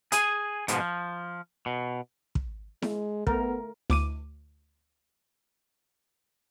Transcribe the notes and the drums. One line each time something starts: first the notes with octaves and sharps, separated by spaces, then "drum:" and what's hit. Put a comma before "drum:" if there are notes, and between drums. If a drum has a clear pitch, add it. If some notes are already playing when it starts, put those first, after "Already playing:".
G#4 G#5, drum: hi-hat
G#2 B2 D3 F3, drum: hi-hat
F3
B2
drum: kick
G#3, drum: snare E4
A3 B3 A#4, drum: kick
D2 D6 D#7, drum: snare E4